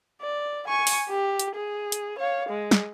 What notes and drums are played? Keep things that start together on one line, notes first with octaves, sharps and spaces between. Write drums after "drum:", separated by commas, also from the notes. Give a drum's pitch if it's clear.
D5
G#5 C#6
drum: open hi-hat
G4
drum: hi-hat
G#4
drum: hi-hat
C#5 F5
G#3
drum: snare